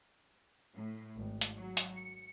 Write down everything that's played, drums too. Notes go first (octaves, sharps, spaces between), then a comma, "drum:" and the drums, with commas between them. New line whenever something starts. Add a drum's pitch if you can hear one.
A2
G#1
drum: hi-hat
F#3
drum: hi-hat
C#7